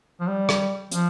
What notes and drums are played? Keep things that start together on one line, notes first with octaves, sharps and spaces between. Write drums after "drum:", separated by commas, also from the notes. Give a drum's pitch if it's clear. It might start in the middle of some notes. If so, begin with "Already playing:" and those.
F3
G3
drum: rim click
F3, drum: hi-hat